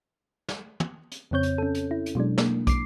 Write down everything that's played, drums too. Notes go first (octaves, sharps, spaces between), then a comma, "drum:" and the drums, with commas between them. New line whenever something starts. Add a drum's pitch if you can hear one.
drum: snare
drum: tom
drum: hi-hat
F2 C#3 C4 C#5 G6
drum: hi-hat
C#4 A4
drum: hi-hat
E4
drum: hi-hat
B2 F#3 G#3 D4
A#3, drum: snare
D6 C7, drum: kick, hi-hat